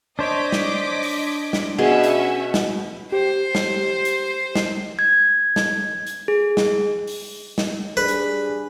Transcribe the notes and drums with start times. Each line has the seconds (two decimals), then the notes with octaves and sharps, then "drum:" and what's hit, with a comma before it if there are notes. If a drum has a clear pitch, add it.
0.19 D4 C5 C#5 D#5 D6 B6
0.52 drum: snare
1.03 drum: open hi-hat
1.53 drum: snare
1.78 B2 C#4 G#4 E5 C6
2.04 drum: hi-hat
2.54 drum: snare
3.12 G4 C5
3.55 drum: snare
4.05 drum: hi-hat
4.55 drum: snare
4.99 G#6
5.56 drum: snare
6.07 drum: hi-hat
6.28 G#4
6.57 drum: snare
7.07 drum: open hi-hat
7.58 drum: snare
7.97 G3 D4 G#4 B4
8.08 drum: hi-hat